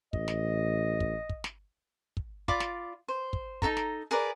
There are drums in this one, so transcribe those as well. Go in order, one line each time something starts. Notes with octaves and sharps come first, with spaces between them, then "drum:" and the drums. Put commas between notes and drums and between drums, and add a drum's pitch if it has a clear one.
A1 D#5, drum: kick
drum: snare
drum: kick
drum: kick
drum: snare
drum: kick
F4 D5 B5 D6, drum: kick
drum: snare
C5
drum: kick
D#4 E4 A4 A#5, drum: kick
drum: snare
G#4 A#4 B4 D5